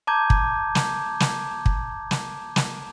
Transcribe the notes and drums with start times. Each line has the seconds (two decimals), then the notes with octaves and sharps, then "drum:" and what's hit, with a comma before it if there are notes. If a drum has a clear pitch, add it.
0.07 A5 A#5 D6 G6 G#6
0.30 drum: kick
0.75 drum: snare
1.20 drum: snare
1.66 drum: kick
2.11 drum: snare
2.56 drum: snare